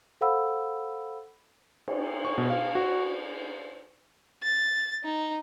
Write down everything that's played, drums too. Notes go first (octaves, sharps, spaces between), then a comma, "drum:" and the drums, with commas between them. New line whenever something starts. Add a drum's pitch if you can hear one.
A4 C5 F5 F#5 B5 E6
drum: cymbal
C#6
B2
F5
F#4
A6
D#4